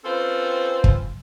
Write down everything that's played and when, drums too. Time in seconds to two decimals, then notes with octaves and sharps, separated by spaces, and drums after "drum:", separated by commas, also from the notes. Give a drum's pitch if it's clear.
0.05 C4 C#4 F4 A4 B4 C5
0.84 drum: kick